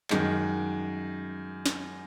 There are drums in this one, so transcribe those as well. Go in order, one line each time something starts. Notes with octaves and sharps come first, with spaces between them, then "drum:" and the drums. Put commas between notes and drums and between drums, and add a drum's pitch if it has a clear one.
F#2 D#3 G#3, drum: clap
drum: snare